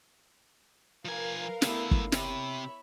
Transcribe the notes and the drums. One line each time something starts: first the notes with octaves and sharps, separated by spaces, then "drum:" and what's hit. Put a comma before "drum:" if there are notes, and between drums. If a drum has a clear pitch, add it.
F3 A#4 B4 F5 G#5
D3 A3 B3 E4, drum: snare
drum: kick
C3 C#5 E5 B5, drum: snare